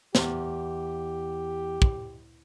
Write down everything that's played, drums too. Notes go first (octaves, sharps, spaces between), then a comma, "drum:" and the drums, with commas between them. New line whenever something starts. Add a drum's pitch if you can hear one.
E2 G4, drum: snare
drum: kick